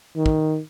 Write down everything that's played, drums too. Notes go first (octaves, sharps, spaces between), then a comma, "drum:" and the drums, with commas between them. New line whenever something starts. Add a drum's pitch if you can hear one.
D#3
drum: kick